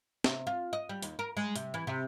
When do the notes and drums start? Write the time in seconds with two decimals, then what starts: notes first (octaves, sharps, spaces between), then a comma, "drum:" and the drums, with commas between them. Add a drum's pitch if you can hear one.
0.24 C3, drum: snare
0.47 F4
0.73 D#5
0.89 G3
1.03 D#2, drum: hi-hat
1.19 A#4
1.37 G#3
1.56 C3, drum: hi-hat
1.74 E3
1.87 C3